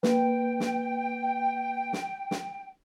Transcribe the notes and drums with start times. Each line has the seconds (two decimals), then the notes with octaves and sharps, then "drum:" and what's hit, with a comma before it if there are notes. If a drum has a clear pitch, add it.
0.03 A#3 B4 G5, drum: snare
0.60 drum: snare
1.93 drum: snare
2.31 drum: snare